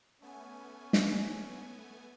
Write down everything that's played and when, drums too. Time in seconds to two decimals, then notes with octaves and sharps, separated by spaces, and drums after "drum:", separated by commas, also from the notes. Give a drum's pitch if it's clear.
0.22 A3 B3 C#4 G#5
0.93 drum: snare